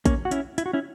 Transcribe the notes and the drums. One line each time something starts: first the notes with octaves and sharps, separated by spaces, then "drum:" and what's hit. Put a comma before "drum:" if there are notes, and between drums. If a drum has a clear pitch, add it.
A#3 C#4, drum: kick A1, hi-hat
F#4
C#4 E4, drum: hi-hat
E4, drum: hi-hat
F#4
C#4 E4